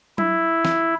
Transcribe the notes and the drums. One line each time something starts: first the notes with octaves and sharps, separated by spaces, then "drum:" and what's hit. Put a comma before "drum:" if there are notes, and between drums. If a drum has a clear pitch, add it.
E4, drum: tom F#3
drum: snare